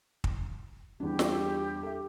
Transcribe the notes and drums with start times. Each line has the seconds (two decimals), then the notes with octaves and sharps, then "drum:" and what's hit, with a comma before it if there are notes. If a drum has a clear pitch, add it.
0.24 drum: kick
1.00 E2 G3 D4 G4
1.19 drum: snare
1.83 A4 E5